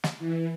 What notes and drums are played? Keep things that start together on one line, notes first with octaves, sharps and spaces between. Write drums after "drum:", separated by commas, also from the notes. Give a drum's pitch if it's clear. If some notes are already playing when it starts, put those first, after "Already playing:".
drum: snare
E3